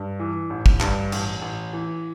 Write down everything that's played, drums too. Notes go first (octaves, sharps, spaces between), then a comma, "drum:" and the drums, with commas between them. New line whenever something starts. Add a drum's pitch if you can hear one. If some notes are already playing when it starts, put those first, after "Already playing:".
Already playing: G2
E3
A1
drum: kick
G2, drum: clap
A1, drum: cymbal
A1
E3